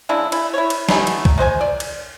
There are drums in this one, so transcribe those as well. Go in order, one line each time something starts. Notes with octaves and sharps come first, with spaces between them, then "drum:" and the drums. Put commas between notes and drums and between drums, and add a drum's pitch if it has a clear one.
C#3 G#3 D4 E4
E4, drum: cymbal
E4 C#5
drum: cymbal
A3 B3 D#4 G#5, drum: snare
drum: cymbal
drum: kick
G#3 C5 C#5 G#5
D5
drum: cymbal